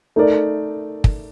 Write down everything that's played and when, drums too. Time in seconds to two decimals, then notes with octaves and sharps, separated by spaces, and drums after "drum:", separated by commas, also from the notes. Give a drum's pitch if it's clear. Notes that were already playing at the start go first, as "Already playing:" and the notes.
0.16 A3 D#4 A#4 D5
1.04 drum: kick